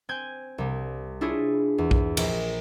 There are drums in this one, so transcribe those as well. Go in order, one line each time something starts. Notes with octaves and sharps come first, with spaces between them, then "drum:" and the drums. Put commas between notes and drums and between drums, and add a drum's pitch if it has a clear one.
C4 G#5 G6 G#6
C2 G3
D4 E4 F4 G#4 C#5
E2
drum: kick B1
A#1, drum: cymbal